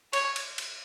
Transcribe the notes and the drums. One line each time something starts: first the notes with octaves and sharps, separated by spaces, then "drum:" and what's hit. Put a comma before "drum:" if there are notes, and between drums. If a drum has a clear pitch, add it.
C#5, drum: cymbal
drum: cymbal
drum: cymbal